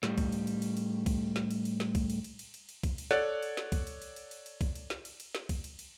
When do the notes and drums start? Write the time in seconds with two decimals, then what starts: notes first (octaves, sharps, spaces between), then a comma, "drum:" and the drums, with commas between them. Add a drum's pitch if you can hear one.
0.03 A2 G3, drum: snare
0.18 drum: kick B1, cymbal
0.32 drum: cymbal
0.47 drum: cymbal
0.62 drum: cymbal
0.77 drum: cymbal
1.06 drum: kick B1, cymbal
1.36 drum: snare
1.51 drum: cymbal
1.65 drum: cymbal
1.80 drum: snare
1.95 drum: kick B1, cymbal
2.10 drum: cymbal
2.24 drum: cymbal
2.39 drum: cymbal
2.54 drum: cymbal
2.69 drum: cymbal
2.83 drum: kick B1, cymbal
2.98 drum: cymbal
3.11 A4 C#5 D5 F#5 F#6 A6, drum: snare
3.43 drum: cymbal
3.57 drum: snare
3.72 drum: kick B1, cymbal
3.87 drum: cymbal
4.02 drum: cymbal
4.16 drum: cymbal
4.31 drum: cymbal
4.46 drum: cymbal
4.61 drum: kick B1, cymbal
4.75 drum: cymbal
4.90 drum: snare
5.05 drum: cymbal
5.20 drum: cymbal
5.35 drum: snare
5.49 drum: kick B1, cymbal
5.64 drum: cymbal
5.79 drum: cymbal